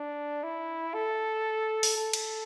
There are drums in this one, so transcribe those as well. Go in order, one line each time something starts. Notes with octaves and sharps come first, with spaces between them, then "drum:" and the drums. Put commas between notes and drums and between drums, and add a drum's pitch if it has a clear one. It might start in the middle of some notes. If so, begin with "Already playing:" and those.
Already playing: D4
E4
A4
drum: open hi-hat
A4
drum: cymbal